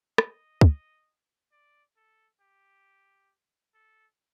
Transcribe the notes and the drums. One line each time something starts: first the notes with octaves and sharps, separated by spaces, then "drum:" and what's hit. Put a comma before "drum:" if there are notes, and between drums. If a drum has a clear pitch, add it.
D#5, drum: rim click
drum: kick
D5
A4
G4
A4